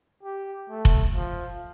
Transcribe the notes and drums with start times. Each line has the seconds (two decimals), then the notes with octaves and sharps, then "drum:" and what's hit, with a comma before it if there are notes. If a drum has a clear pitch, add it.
0.23 G4
0.70 A3
0.85 drum: kick F1
1.16 F3